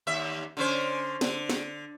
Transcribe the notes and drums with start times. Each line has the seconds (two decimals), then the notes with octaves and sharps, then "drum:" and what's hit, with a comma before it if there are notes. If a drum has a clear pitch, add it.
0.07 D#2 E5
0.57 D3 C#4 C5
1.21 D3, drum: snare
1.49 drum: snare